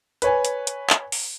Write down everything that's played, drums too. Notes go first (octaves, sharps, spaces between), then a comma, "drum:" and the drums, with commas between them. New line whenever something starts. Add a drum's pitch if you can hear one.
B4 C#5 G#5, drum: hi-hat
drum: hi-hat
drum: hi-hat
drum: clap
drum: open hi-hat